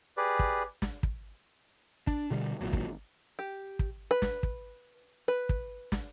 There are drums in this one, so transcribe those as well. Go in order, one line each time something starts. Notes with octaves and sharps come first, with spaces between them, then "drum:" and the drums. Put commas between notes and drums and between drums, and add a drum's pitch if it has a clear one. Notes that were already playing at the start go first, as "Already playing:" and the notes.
G4 G#4 B4 D5
drum: kick
drum: snare
drum: kick
D4, drum: kick
B2 D3 G3
G#1 C#2 A#2 F#3
drum: kick
G4
drum: kick
B4
drum: snare
drum: kick
B4
drum: kick
drum: snare